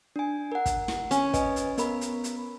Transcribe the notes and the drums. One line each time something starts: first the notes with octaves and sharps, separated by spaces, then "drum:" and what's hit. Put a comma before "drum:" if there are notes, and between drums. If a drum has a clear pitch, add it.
D4 G#5
A#4 F#5
drum: kick, hi-hat
drum: snare
C#4, drum: hi-hat
B4 D#5 G#5, drum: kick, hi-hat
drum: hi-hat
B3 A#4 B5, drum: hi-hat
drum: hi-hat
drum: hi-hat